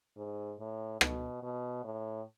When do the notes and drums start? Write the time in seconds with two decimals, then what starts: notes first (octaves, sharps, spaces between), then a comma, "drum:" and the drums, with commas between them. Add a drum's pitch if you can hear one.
0.17 G#2
0.60 A2
1.01 B2, drum: rim click
1.43 B2
1.84 A2